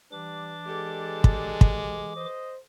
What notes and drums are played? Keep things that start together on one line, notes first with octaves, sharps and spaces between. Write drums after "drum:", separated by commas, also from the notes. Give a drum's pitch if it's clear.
E3 G3 D4 D6
G#3 G4 A4
drum: kick
drum: kick
C5 D#5